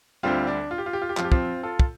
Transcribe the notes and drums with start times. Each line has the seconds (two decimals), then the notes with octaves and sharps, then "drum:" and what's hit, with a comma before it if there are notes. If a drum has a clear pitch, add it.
0.23 D2 D3 G3 C4 F4
0.47 D4
0.71 F4
0.78 G4
0.86 F4
0.93 G4
1.02 F4
1.09 G4
1.17 F2 F3 F4, drum: clap
1.24 G4
1.32 C4 F4, drum: kick
1.63 F4 A4
1.80 drum: kick